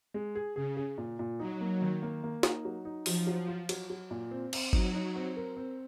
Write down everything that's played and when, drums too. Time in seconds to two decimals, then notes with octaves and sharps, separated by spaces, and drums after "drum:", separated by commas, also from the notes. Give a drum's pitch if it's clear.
0.14 G#3
0.35 G#4
0.56 C#3 G#4
0.77 G#4
0.98 A#2
1.19 A#2
1.39 F#3 D#4
1.61 A#3
1.82 D#3
2.03 A#3
2.24 A#3
2.43 D#4, drum: snare
2.65 F#3
2.85 D#4
3.06 F3 F#3, drum: open hi-hat
3.27 F#3
3.48 F4
3.69 F#3, drum: cymbal
3.90 F#3
4.11 A#2
4.31 C4
4.53 C4, drum: cymbal
4.73 F#3 D#4, drum: kick G1
4.94 D#4
5.16 C4
5.37 A#4
5.57 C4